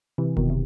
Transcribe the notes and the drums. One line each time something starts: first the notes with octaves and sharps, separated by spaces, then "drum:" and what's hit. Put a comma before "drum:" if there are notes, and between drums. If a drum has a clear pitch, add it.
C3 E3
B2 D#3, drum: kick F1
C3